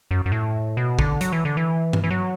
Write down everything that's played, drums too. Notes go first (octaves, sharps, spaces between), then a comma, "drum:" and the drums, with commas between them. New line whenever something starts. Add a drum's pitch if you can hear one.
F#2
F#2
A2
B2
D3, drum: kick
F#3, drum: hi-hat
E3
D3
E3
drum: tom G2
E3
F#3